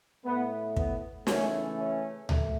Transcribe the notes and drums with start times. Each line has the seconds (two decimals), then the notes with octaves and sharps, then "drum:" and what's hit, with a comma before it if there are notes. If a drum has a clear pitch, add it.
0.25 A2 A3 B3
0.77 B3, drum: kick
1.27 C#3 E3 A3 C#4, drum: snare
1.78 C#4
2.29 A3, drum: tom C#2